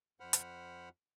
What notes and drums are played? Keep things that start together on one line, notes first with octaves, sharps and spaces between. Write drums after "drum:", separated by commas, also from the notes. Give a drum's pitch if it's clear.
F2 C5 F#5 B5 F6
drum: hi-hat